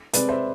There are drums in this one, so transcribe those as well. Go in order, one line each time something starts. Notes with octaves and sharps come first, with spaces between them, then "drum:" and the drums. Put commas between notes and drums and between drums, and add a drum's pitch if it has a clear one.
C3 G#3 C4 B4 D5, drum: hi-hat
C5 E5